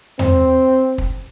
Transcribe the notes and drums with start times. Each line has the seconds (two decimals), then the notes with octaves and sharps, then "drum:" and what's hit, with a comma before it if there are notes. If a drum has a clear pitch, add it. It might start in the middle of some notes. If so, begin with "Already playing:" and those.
0.19 C4, drum: tom E2
0.98 drum: kick